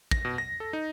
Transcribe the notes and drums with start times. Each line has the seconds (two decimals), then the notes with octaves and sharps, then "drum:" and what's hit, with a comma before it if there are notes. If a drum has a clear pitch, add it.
0.11 A#6, drum: kick
0.25 B2
0.38 A#6
0.60 A4
0.73 D#4